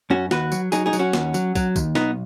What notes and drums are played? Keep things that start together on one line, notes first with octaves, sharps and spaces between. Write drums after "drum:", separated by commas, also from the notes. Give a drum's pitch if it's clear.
F#2 C#4 F#4
D#2 F#4 B4, drum: snare
F#3, drum: tambourine
F#3 D#4 G#4, drum: tambourine
D#4 G#4
F#3, drum: tambourine
C#4 F#4
D#2, drum: snare
F#3, drum: tambourine
F#3, drum: kick, tambourine
D#2, drum: kick, tambourine
B1 B3 D#4, drum: snare